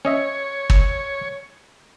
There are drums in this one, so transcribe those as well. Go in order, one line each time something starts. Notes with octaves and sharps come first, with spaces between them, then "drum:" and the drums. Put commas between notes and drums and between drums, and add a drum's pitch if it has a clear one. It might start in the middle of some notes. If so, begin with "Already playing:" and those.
C#4 C#5 D#5 E5
drum: kick